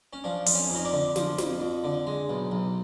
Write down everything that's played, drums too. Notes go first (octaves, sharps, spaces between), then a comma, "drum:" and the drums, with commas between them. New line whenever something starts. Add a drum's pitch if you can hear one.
C#4
F3 D4
F2, drum: open hi-hat
C#4
F2
D#4
D4
D3
F3, drum: snare
F2, drum: snare
F2
D3
G#3
B1
B1